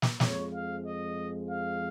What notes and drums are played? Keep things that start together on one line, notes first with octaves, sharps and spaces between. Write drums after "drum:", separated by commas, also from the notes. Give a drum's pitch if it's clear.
drum: snare
F2 F3 G#3 C#5, drum: snare
F5
D#5
F5